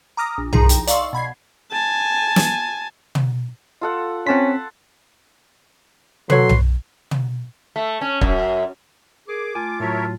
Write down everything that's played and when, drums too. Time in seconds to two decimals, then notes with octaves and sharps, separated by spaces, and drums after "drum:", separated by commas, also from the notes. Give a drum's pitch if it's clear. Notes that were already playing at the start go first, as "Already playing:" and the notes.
0.17 A#5 D6 D#6 F6 A#6
0.38 A#1
0.53 C2 F3 D#4 G#4 A#5, drum: tom B1
0.69 G5 A#5, drum: hi-hat
0.87 D5 D#5 F5 C6 C#6 E6, drum: hi-hat
1.13 B2 B5 G#6 C7
1.72 G#5 A5
2.36 drum: snare
3.15 drum: tom
3.81 F4 A4 F#5
4.27 C4 C#4 F#5 A5 C6 B6
6.30 F#3 A4 B4 C#5 C6, drum: tom
6.49 drum: tom B1
7.11 drum: tom
7.76 A3
8.01 C#4
8.21 F#2, drum: kick
9.28 G#4 A#4 D6
9.55 A3 F4 G#5
9.80 A2 F#3 A#4 C#5 E5 A5